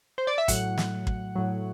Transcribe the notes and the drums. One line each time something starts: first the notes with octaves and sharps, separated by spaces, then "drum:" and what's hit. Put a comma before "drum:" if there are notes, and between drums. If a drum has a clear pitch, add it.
C5
D5
E5
A2 F#3 F#5, drum: kick, hi-hat
drum: snare
drum: kick
A2 F#3